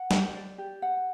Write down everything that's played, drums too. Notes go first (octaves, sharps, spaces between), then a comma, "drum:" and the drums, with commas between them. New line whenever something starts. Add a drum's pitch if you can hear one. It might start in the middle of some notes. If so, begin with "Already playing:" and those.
Already playing: F#5
G4, drum: snare
D5
G4
F#5